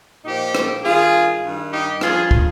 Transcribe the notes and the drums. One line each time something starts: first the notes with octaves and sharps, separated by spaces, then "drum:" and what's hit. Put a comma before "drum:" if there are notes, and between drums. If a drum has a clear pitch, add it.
A#2 F3 D#4 G4
drum: rim click
G2 D#3 F4 G#4
G2 D#3
D#4 G4
G2 F3 F4 G#4, drum: rim click
drum: kick